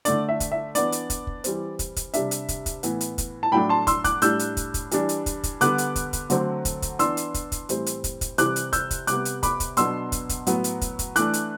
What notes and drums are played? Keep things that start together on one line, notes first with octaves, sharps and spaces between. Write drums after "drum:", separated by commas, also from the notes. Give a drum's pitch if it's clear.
D3 A3 D4 D5, drum: hi-hat
E5
drum: kick, hi-hat
E5
E3 B3 D4 D5, drum: hi-hat
drum: hi-hat
drum: kick, hi-hat
drum: kick
E3 G3 C4, drum: hi-hat
drum: kick, hi-hat
drum: kick, hi-hat
C3 G3 D4 E5, drum: hi-hat
drum: hi-hat
drum: kick, hi-hat
drum: kick, hi-hat
A2 E3 B3, drum: hi-hat
drum: hi-hat
drum: kick, hi-hat
A5
A2 F#3 A3 D4 G5 B5
A5 C6
C6 E6, drum: kick, hi-hat
D6 F#6, drum: kick, hi-hat
A2 G3 D4 E6 G6, drum: hi-hat
drum: hi-hat
drum: kick, hi-hat
drum: kick, hi-hat
E3 G3 D4, drum: hi-hat
drum: hi-hat
drum: kick, hi-hat
drum: kick, hi-hat
D3 G3 B3 D6 F#6, drum: hi-hat
drum: hi-hat
drum: kick, hi-hat
drum: kick, hi-hat
D3 F#3 A3 C4, drum: hi-hat
drum: kick, hi-hat
drum: kick, hi-hat
E3 B3 D4 C6 E6, drum: hi-hat
drum: hi-hat
drum: kick, hi-hat
drum: kick, hi-hat
A2 E3 G3 C4, drum: hi-hat
drum: hi-hat
drum: kick, hi-hat
drum: kick, hi-hat
C3 E3 G3 C4 D6 F#6, drum: hi-hat
drum: hi-hat
E6 G6, drum: kick, hi-hat
drum: kick, hi-hat
C3 G3 B3 D6 F#6, drum: hi-hat
drum: hi-hat
B5 D6, drum: kick, hi-hat
drum: kick, hi-hat
B2 F#3 B3 D4 C6 E6, drum: hi-hat
drum: kick, hi-hat
drum: kick, hi-hat
A2 F#3 B3, drum: hi-hat
drum: hi-hat
drum: kick, hi-hat
drum: kick, hi-hat
E3 A3 D4 D6 F#6, drum: hi-hat
drum: hi-hat